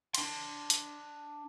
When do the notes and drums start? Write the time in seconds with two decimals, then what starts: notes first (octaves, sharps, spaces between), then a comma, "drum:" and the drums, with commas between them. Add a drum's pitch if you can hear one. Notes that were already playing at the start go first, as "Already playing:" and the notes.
0.15 D4 C6, drum: cymbal
0.70 drum: hi-hat